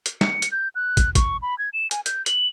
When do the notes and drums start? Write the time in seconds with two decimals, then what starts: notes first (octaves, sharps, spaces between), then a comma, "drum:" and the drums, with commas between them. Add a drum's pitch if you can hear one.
0.06 drum: hi-hat
0.21 C#7, drum: snare
0.42 drum: hi-hat
0.52 G6
0.75 F#6
0.97 drum: kick, hi-hat
1.15 C#6, drum: kick, hi-hat
1.42 B5
1.59 G#6
1.73 E7
1.91 G#5, drum: hi-hat
2.06 G6, drum: hi-hat
2.26 F#7, drum: hi-hat